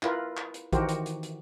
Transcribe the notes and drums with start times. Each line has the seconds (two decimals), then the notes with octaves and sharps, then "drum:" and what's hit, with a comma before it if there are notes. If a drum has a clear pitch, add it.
0.03 E4 F4 A#4 B4, drum: clap
0.37 drum: clap
0.54 drum: hi-hat
0.73 D#3 E3 F#4 G4 A#4 C5, drum: kick A#1, hi-hat
0.89 drum: hi-hat
1.06 drum: hi-hat
1.23 drum: hi-hat